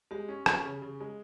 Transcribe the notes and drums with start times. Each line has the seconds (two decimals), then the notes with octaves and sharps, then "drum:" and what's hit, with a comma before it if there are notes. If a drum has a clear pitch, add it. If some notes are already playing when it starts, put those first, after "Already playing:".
0.11 G#3 G4
0.28 C#4
0.46 C#4, drum: rim click
0.65 C#3
0.82 C#3
1.00 G#3